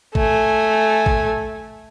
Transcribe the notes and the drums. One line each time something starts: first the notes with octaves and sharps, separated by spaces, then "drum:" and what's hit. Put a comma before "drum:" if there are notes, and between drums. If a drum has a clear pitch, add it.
A3 G#5, drum: kick
drum: kick